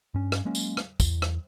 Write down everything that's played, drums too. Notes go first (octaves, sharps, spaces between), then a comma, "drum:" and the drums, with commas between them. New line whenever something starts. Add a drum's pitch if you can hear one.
G2 C#4
drum: rim click
F#3 G#3 A#3 C#4
drum: tambourine
drum: rim click
E2, drum: kick, tambourine
drum: rim click